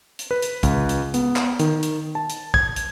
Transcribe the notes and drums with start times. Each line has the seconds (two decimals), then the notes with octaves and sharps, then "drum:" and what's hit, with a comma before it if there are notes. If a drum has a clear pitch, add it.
0.19 drum: hi-hat
0.31 B4
0.42 drum: hi-hat
0.63 C#2, drum: kick, hi-hat
0.89 drum: hi-hat
1.14 B3, drum: hi-hat
1.36 drum: clap
1.59 D#3, drum: hi-hat
1.83 drum: hi-hat
2.15 A5
2.30 drum: hi-hat
2.54 G#6, drum: kick
2.76 drum: hi-hat